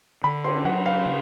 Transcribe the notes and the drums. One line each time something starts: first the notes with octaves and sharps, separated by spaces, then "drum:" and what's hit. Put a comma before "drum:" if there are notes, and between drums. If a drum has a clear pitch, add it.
D3 B5
C6, drum: cymbal
F#3 F#5
F5
C#3